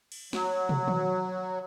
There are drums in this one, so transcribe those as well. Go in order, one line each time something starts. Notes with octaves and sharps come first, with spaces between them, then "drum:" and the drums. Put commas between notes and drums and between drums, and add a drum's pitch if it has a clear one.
drum: cymbal
F#3, drum: snare
drum: tom
drum: tom D#3